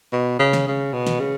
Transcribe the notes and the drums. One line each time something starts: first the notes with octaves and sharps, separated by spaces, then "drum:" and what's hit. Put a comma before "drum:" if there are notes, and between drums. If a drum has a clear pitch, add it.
B2
C#3
drum: snare
C#3
B2
drum: snare
C#3